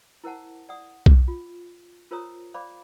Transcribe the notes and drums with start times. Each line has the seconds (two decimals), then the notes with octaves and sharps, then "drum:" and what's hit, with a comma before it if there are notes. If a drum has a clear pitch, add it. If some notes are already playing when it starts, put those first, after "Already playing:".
0.24 E4 A#4 C5 F#5 A5
0.69 D5 F#5 D#6
1.06 drum: kick B1
1.28 F4
2.11 F4 A#4 C5 C#5 A#5 D#6
2.54 C5 D5 F5 B5 D6